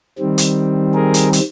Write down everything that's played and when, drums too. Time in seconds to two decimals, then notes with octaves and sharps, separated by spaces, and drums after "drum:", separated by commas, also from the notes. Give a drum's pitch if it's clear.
0.19 D#3 G3 C4
0.38 drum: hi-hat
0.94 G#4 A#4
1.14 drum: hi-hat
1.33 drum: hi-hat